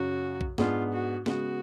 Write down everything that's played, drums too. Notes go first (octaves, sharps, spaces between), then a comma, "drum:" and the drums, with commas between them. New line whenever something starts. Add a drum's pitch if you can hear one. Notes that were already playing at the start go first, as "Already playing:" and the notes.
Already playing: F#2 C#3 F#3 F#4
drum: kick A#1
G#2 G#3 B3 D4 F4, drum: snare
F#4
C#3 G#3 B3 F#4, drum: snare